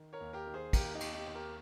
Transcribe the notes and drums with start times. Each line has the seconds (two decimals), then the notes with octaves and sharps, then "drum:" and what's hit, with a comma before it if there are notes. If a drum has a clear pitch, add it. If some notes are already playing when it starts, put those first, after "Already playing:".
Already playing: D#3
0.13 A#4 C#5
0.21 D#2
0.33 G4 A#4
0.47 D#3
0.54 G#4 C5
0.73 D#2 G4 A#4, drum: kick, cymbal
0.95 D#4 G4
1.01 D#2, drum: cymbal
1.14 D#4 G4
1.27 D#2
1.35 G4 A#4